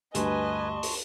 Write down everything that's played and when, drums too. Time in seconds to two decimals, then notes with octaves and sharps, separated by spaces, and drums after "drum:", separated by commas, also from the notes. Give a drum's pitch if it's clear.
0.15 D2 G2 B4 D#5 G#5 A5 C6 C#6, drum: hi-hat
0.83 drum: open hi-hat